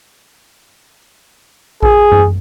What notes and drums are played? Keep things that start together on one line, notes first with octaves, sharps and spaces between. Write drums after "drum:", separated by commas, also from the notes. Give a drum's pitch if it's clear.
G#4, drum: kick A1
drum: tom F#2